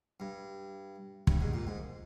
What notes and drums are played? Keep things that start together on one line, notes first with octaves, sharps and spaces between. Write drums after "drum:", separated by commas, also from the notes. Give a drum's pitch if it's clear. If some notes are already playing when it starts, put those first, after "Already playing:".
G2
G2, drum: kick
G#2
A#2
G#2